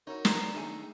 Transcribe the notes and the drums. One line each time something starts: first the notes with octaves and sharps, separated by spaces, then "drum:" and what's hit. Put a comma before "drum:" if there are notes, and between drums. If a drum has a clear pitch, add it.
D#4 E4 F#4 A#4 C#5
B3 A#5 E7, drum: snare
D#3 A3 D4 D#4 G#4 E5